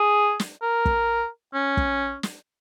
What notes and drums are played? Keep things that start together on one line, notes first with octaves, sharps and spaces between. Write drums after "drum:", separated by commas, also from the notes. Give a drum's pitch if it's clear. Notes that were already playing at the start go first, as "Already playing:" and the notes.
Already playing: G#4
drum: snare
A#4
drum: kick
C#4
drum: kick
drum: snare